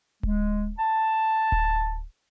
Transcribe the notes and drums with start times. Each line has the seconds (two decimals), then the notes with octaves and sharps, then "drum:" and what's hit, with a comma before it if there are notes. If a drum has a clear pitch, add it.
0.23 G#3, drum: kick D1
0.79 A5
1.52 drum: kick D1